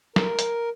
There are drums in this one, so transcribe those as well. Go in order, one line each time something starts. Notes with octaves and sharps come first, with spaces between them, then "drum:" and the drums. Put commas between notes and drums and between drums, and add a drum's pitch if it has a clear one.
A#4, drum: snare
drum: hi-hat